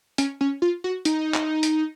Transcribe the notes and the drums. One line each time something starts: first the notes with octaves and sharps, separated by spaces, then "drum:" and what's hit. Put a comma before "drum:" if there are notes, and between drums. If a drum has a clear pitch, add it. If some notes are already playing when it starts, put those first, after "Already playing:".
C#4, drum: hi-hat
C#4
F4
F#4
D#4, drum: hi-hat
drum: clap
drum: hi-hat